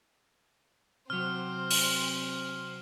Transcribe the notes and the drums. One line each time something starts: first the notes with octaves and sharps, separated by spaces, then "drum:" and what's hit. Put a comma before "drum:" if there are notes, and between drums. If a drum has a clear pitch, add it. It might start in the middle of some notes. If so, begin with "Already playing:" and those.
C3 F#3 C4 C5 F6
drum: open hi-hat